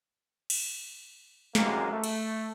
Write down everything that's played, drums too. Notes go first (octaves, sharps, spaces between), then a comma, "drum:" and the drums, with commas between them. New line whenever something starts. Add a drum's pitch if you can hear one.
drum: cymbal
F#2 C3 E3 G#3 A#3, drum: snare
A3
drum: cymbal